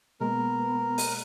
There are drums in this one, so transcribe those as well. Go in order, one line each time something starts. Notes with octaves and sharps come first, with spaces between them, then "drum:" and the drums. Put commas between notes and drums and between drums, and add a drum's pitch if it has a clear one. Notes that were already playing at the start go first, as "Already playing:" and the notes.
B2 G#3 A#3 B3 A#4
drum: open hi-hat